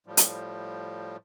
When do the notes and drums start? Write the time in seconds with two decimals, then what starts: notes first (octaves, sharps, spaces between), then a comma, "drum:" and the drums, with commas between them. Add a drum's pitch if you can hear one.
0.06 A2 F3 G3
0.17 drum: hi-hat